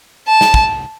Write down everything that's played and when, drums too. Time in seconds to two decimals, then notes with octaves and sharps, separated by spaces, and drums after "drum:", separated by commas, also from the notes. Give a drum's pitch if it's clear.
0.28 A5
0.41 drum: snare
0.54 drum: kick